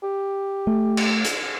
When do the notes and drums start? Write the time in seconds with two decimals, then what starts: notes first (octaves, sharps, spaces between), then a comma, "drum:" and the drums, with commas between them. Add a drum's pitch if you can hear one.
0.03 G4
0.67 A3
0.97 drum: cymbal
1.24 drum: hi-hat